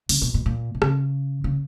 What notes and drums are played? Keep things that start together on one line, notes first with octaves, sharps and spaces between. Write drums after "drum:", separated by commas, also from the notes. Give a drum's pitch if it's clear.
C#3, drum: open hi-hat
B2
B2
A#2
B2
C#3, drum: rim click
C#3